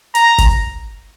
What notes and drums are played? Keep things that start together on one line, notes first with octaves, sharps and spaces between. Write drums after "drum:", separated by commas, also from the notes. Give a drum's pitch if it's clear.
A#5, drum: hi-hat
drum: kick G1, hi-hat